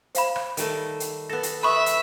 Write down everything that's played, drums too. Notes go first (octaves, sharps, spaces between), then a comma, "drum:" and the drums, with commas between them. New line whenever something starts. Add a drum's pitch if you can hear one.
C5 F5 B5, drum: hi-hat
drum: rim click
D#3 G3 A3, drum: hi-hat
drum: hi-hat
B3 A4 A#6
drum: hi-hat
B4 E5 B5 C#6 D#6
drum: hi-hat